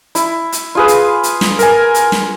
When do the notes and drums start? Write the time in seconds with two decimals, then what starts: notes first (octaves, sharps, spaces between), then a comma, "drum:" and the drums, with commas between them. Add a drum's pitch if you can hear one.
0.15 E4, drum: hi-hat
0.52 drum: hi-hat
0.75 F4 G#4 B4
0.88 drum: hi-hat
1.23 drum: hi-hat
1.41 drum: snare
1.59 A#4 G#5, drum: hi-hat
1.94 drum: hi-hat
2.12 drum: snare